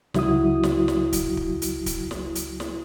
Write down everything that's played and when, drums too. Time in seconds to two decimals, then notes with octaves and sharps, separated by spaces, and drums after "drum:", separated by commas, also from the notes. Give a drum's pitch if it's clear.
0.14 C#2 F#3 E4 F#4 D#6, drum: snare
0.63 drum: snare
0.88 drum: snare
1.13 drum: kick, hi-hat
1.37 drum: kick
1.62 drum: hi-hat
1.86 drum: kick, hi-hat
2.11 drum: snare
2.35 drum: hi-hat
2.60 drum: snare